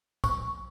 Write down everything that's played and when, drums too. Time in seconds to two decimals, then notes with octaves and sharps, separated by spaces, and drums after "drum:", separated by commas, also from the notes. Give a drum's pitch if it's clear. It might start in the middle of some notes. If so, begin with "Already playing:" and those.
0.24 C#6, drum: kick, tambourine